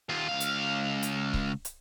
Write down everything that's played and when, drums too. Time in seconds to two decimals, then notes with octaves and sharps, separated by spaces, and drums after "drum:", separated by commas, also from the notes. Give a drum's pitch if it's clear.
0.09 D#2 F4
0.29 C#2 F5
0.40 drum: hi-hat
1.03 drum: hi-hat
1.34 drum: kick C#1
1.65 drum: hi-hat